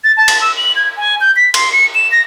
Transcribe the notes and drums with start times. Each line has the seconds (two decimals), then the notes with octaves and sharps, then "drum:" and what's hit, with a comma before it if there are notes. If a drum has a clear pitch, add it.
0.04 A6
0.17 A5
0.28 drum: cymbal
0.41 E6
0.57 F#7
0.76 G#6
0.97 G#5
1.21 G6
1.36 B6
1.54 C6, drum: cymbal
1.73 C#7
1.95 E7
2.12 A#6